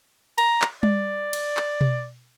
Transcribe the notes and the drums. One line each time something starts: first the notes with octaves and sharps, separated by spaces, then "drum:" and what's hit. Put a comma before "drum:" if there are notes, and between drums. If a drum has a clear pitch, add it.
A#5, drum: cymbal
drum: clap
D5, drum: tom G3
drum: cymbal
drum: clap
drum: tom B2